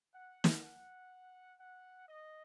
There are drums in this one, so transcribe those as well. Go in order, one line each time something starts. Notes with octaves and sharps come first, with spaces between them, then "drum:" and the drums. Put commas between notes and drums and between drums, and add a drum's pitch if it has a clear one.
F#5
drum: snare
F#5
F#5
D#5